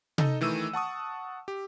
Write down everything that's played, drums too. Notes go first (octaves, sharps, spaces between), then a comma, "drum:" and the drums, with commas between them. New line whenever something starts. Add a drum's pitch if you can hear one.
D#4 A4 D#5, drum: tom C3
D#3 E3 A3 E6 D#7
F#5 A5 C#6 D#6
G4